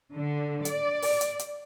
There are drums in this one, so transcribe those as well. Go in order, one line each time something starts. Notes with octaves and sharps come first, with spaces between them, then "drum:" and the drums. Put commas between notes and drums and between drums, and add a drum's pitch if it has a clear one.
D3
D5, drum: hi-hat
drum: open hi-hat
drum: hi-hat
drum: hi-hat